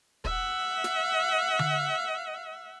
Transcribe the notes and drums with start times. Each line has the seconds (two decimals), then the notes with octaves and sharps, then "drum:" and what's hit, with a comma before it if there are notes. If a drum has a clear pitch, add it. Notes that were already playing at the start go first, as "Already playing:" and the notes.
0.25 E5 F#5, drum: kick
0.84 drum: snare
1.59 drum: tom D3